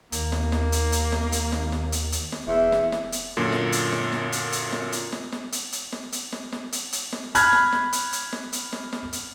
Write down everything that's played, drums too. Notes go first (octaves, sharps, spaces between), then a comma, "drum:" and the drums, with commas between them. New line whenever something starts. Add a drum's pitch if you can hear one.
D#2 A#3, drum: hi-hat
drum: snare
drum: snare
drum: hi-hat
drum: hi-hat
drum: snare
drum: hi-hat
drum: snare
drum: snare
drum: hi-hat
drum: hi-hat
drum: snare
E1 E2 E5
drum: snare
drum: snare
drum: hi-hat
F#2 A#2 D3
drum: snare
drum: hi-hat
drum: snare
drum: snare
drum: hi-hat
drum: hi-hat
drum: snare
drum: hi-hat
drum: snare
drum: snare
drum: hi-hat
drum: hi-hat
drum: snare
drum: hi-hat
drum: snare
drum: snare
drum: hi-hat
drum: hi-hat
drum: snare
B5 F6 F#6 G#6, drum: hi-hat
drum: snare
drum: snare
drum: hi-hat
drum: hi-hat
drum: snare
drum: hi-hat
drum: snare
drum: snare
drum: hi-hat